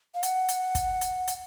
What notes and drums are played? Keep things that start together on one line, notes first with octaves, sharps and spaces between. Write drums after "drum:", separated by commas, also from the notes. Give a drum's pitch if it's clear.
F5
F#5, drum: hi-hat
drum: hi-hat
drum: kick, hi-hat
drum: hi-hat
drum: hi-hat